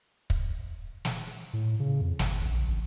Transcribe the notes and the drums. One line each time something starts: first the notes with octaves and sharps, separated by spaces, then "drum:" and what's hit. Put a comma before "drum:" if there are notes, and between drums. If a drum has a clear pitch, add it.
drum: kick
drum: snare
A2
C#3
F2
G1, drum: snare
A#1
A1